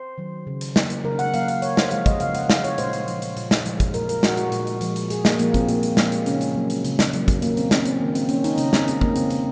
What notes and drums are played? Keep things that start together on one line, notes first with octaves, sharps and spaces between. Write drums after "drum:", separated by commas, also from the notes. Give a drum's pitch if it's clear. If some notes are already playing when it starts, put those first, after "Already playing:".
Already playing: C5
D#3 F#3
C#3
drum: hi-hat
F#3 A#3, drum: snare
drum: hi-hat
C#3 A#4
F#5, drum: hi-hat
F#3 A#3 F5, drum: hi-hat
F5, drum: hi-hat
C#3 C#5, drum: hi-hat
C5, drum: snare
F3 G#3 F5, drum: hi-hat
D#5, drum: kick, hi-hat
C#3 F5, drum: hi-hat
F#5, drum: hi-hat
F3 G#3 F5, drum: snare
C#5, drum: hi-hat
A#2 C5, drum: hi-hat
drum: hi-hat
F3 G#3, drum: hi-hat
drum: hi-hat
A#2, drum: hi-hat
drum: snare
F3 G#3, drum: hi-hat
drum: kick, hi-hat
A#2 A#4, drum: hi-hat
A#4, drum: hi-hat
F3 G#3 F#4, drum: snare
F#4, drum: hi-hat
A#2, drum: hi-hat
drum: hi-hat
F3 G#3, drum: hi-hat
drum: hi-hat
A#2 G#4, drum: hi-hat
A#3, drum: snare
F3 G#3 A#3, drum: hi-hat
C4, drum: kick, hi-hat
A#2 A#3, drum: hi-hat
drum: hi-hat
F3 G#3, drum: snare
drum: hi-hat
C#3 C#4, drum: hi-hat
drum: hi-hat
F#3 A#3
drum: hi-hat
C#3, drum: hi-hat
drum: snare
F#3 A#3, drum: hi-hat
drum: kick, hi-hat
D#3 A#3, drum: hi-hat
C4, drum: hi-hat
A#3 C#4, drum: snare
C4, drum: hi-hat
D#3 A#3
C4, drum: hi-hat
A#3 C#4, drum: hi-hat
D#4, drum: hi-hat
C#3 C#4, drum: hi-hat
C4, drum: snare
G#3 C4, drum: hi-hat
A#3, drum: kick
C#3 C4, drum: hi-hat
C4, drum: hi-hat